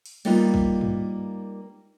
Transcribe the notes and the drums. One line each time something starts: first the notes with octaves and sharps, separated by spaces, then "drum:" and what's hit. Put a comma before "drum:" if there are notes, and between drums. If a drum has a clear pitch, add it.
drum: open hi-hat
G3 A#3 D#4 F4 B4, drum: cymbal
drum: kick A1
drum: tom G2